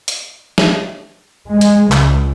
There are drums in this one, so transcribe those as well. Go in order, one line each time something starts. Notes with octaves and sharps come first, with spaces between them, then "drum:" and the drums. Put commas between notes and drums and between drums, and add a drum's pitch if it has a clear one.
drum: hi-hat
drum: snare
G#3
drum: hi-hat
C#2, drum: clap